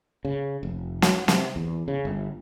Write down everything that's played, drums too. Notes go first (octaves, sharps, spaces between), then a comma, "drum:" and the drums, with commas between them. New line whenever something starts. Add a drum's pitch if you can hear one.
C#3
F1
F#3, drum: snare
C3, drum: snare
E2
C#3
G1